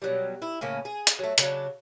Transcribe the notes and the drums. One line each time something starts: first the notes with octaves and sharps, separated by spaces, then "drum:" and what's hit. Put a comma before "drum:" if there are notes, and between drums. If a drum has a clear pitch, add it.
B2 F#3 G3
E4
A2 C#3 A#3 C#4
G#4
drum: hi-hat
F#3 A3
C#3 F#3 D4, drum: hi-hat